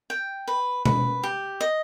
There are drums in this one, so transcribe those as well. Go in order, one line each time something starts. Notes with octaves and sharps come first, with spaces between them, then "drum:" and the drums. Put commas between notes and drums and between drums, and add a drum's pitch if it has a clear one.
G5
B4
B4, drum: tom B2
G4
D#5